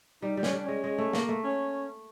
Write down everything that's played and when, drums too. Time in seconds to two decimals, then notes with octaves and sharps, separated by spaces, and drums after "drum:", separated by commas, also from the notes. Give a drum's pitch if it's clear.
0.22 G3 D#4
0.37 G3
0.43 C#4, drum: snare
0.53 G3 D4
0.64 G#3 C#4
0.84 G#3
0.98 A3
1.13 A#3, drum: snare
1.29 A3
1.44 C#4